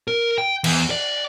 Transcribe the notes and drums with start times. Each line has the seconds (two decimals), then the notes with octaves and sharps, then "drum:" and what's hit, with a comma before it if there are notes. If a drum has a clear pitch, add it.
0.08 A#4
0.38 G5
0.64 E2, drum: cymbal
0.90 D5